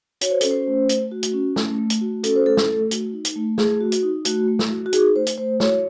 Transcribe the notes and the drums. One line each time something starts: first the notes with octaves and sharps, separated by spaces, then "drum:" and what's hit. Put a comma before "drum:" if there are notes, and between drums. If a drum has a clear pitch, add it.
F#4 C#5, drum: hi-hat
C5
C#4 A4, drum: hi-hat
C5
A3
A3, drum: hi-hat
F#4
drum: hi-hat
C#4
A3, drum: snare
A3
drum: hi-hat
F#4
C#4 A4, drum: hi-hat
C5
A3 A4
drum: snare
A3
F#4, drum: hi-hat
D#4
drum: hi-hat
A3
A3 G#4, drum: snare
F#4
drum: hi-hat
D#4
A3 F#4, drum: hi-hat
A3
drum: snare
F#4
F#4
D#4 G#4, drum: hi-hat
A3 C5
drum: hi-hat
A3 C5
F#4 C#5, drum: snare